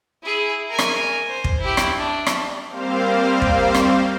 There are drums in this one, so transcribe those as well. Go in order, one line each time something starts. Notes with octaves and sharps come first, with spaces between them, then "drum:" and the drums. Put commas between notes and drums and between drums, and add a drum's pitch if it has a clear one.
E4 G#4
A#4 G#5
drum: rim click
C5
drum: kick
E4 G4
drum: rim click
D4
drum: rim click
G3 A#3 C4 C5 F5
drum: kick
drum: rim click